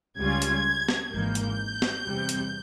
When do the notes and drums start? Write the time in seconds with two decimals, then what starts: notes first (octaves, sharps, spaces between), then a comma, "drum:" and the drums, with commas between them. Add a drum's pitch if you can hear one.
0.18 C#2 C#3 G3 C#4 F4 G#6
0.42 drum: hi-hat
0.89 drum: snare
1.11 G#1 G#2 E3 A#3 G6
1.35 drum: hi-hat
1.82 drum: snare
2.06 E2 C3 G3
2.29 drum: hi-hat